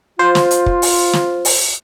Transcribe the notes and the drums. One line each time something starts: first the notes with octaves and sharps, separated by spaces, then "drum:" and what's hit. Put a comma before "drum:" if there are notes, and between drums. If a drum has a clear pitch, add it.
F4 C5
drum: snare
drum: hi-hat
drum: kick
drum: open hi-hat
drum: snare
drum: open hi-hat